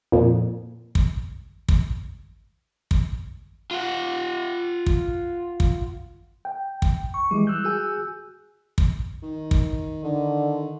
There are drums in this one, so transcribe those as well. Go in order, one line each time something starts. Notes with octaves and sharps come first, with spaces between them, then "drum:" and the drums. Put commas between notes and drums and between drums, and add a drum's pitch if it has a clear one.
F2 A#2
drum: kick
drum: kick
drum: kick
F4 F#5
drum: kick
drum: kick
G5
drum: kick
C#6
E3 G3 G#3
E6 F#6 G6
F#4 G#4 G#5
drum: kick
D#3
drum: kick
D3 D#3